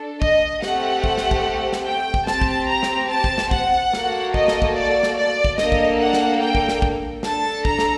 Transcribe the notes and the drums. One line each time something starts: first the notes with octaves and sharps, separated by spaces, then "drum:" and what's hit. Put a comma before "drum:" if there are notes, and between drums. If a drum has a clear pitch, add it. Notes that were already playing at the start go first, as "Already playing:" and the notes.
Already playing: D4 A4
D#5, drum: kick
A3 C4 G4 F#5, drum: snare
drum: kick
drum: snare
drum: kick
drum: snare
G5
drum: kick
C4 G4 A5, drum: snare
drum: kick
A#5
drum: snare
A5
drum: kick
drum: snare
F#5, drum: kick
A#3 F#4 A4, drum: snare
D#5, drum: kick
drum: snare
drum: kick
D5
drum: snare
D5
drum: kick
A#3 D4 A4 D#5, drum: snare
drum: kick
F#5
drum: snare
G5
drum: kick
drum: snare
drum: kick
D4 A4 A5, drum: snare
A#5, drum: kick
drum: snare